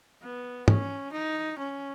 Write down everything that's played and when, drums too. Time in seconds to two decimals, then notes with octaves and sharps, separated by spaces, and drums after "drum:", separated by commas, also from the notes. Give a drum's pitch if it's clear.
0.22 B3
0.68 C#4, drum: tom
1.12 D#4
1.59 C#4